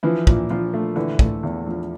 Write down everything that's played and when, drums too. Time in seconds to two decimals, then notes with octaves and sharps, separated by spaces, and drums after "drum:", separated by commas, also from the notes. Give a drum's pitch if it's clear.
0.03 E3 F3 E4
0.27 A#2, drum: kick
0.50 A#2 F3 F4
0.74 A3
0.96 D3 E3 E4
1.19 A3, drum: kick
1.43 E2
1.67 F3